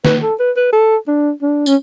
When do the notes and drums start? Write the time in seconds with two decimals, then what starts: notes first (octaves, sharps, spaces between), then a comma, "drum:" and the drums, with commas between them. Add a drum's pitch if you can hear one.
0.05 B4, drum: snare
0.22 A4
0.39 B4
0.56 B4
0.73 A4
1.08 D4
1.42 D4
1.66 C#4, drum: tambourine